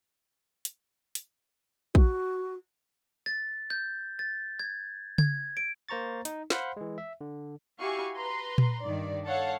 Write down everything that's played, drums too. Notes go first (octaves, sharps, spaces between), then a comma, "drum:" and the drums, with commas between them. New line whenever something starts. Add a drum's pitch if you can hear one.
drum: hi-hat
drum: hi-hat
F#4, drum: kick A#1
A6
G6
A6
G#6
G#6, drum: tom C#3
D7
A#3 C5 A#5 C#6 A6
D#4, drum: hi-hat
C5 F5 F#5 B5 C6, drum: snare
E3 G#3
E5
D3
E4 F#4 G4 F5 G#5 C#6
B4 A#5 C6
drum: tom A#2
G2 D#3 D5
A4 C#5 F5 F#5